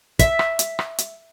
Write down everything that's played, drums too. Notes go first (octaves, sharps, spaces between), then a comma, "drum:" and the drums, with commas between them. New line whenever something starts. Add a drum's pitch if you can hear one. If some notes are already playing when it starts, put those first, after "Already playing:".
E5, drum: kick, hi-hat
drum: rim click
drum: hi-hat
drum: rim click
drum: hi-hat